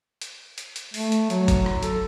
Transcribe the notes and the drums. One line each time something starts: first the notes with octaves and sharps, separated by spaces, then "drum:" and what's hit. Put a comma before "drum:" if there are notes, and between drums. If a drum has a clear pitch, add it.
drum: hi-hat
drum: hi-hat
drum: hi-hat
A3, drum: open hi-hat
drum: hi-hat
F#3, drum: hi-hat
drum: kick, hi-hat
drum: rim click
A4, drum: hi-hat